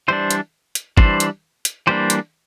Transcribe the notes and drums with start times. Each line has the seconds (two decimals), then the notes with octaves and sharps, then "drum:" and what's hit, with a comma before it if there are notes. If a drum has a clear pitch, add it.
0.08 E3 G3 D4 C5
0.31 drum: hi-hat
0.75 drum: hi-hat
0.97 E3 G3 D4 C5, drum: kick
1.20 drum: hi-hat
1.65 drum: hi-hat
1.87 E3 G3 A#3 D4 C5
2.10 drum: hi-hat